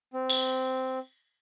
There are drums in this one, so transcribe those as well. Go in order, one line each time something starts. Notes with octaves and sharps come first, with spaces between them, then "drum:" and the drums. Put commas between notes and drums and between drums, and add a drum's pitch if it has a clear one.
C4
drum: tambourine